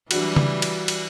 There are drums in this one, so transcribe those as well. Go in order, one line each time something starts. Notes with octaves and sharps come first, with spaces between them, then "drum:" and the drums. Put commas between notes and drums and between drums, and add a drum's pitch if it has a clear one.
E3 F#3 G3 D4 F#4, drum: cymbal
drum: tom C#3
drum: cymbal
drum: cymbal